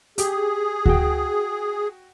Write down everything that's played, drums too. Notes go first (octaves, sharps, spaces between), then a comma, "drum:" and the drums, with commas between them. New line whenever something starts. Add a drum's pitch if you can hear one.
G4 G#4, drum: hi-hat
F#4 G5, drum: kick D2